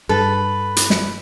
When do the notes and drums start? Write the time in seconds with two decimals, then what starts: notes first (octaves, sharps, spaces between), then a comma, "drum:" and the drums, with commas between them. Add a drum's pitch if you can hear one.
0.09 G2 A4 B4
0.76 drum: hi-hat
0.90 drum: snare